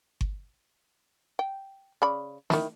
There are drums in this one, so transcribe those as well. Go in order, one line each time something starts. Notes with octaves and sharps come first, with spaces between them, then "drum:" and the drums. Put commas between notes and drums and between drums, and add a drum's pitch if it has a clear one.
drum: kick G1
G5
C#3 D5 B5
D#3 E4, drum: snare